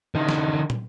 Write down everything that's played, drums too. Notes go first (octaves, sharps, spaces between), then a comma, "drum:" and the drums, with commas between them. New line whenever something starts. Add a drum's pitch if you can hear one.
D3 D#4
drum: snare
drum: tom